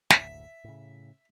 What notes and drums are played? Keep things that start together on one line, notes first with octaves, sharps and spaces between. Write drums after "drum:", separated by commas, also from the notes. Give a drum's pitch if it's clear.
F#1 D2 A2 E5, drum: snare
A2 C#3